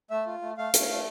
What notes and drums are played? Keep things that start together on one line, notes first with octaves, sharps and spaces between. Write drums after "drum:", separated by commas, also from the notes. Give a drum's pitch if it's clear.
A3 E5
F4
A3
A3 F5
A3, drum: hi-hat
A3